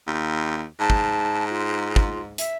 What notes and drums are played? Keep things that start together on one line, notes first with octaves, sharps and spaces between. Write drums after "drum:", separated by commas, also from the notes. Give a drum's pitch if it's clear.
D#2
G#2 A5
drum: kick
F4
drum: kick
E5, drum: hi-hat